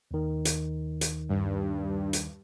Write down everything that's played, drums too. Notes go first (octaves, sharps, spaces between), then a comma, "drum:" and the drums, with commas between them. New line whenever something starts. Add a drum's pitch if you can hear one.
D#2 D#3
drum: hi-hat
drum: hi-hat
G2
drum: hi-hat